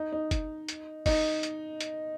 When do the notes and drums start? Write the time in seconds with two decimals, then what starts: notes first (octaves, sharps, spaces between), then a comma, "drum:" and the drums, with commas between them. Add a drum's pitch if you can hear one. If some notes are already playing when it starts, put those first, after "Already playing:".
Already playing: D#4
0.12 D#4
0.31 drum: kick, hi-hat
0.69 drum: hi-hat
1.06 D#4, drum: kick, open hi-hat
1.43 drum: hi-hat
1.81 drum: hi-hat